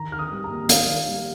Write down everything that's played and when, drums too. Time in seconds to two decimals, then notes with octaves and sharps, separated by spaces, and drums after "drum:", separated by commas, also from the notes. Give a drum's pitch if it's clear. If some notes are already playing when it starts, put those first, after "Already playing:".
Already playing: D#3 A#5
0.12 D#3 F6
0.19 D#6
0.31 G3
0.44 A#5
0.50 A#3
0.69 D#3 F5, drum: hi-hat
0.89 D#3
1.08 G3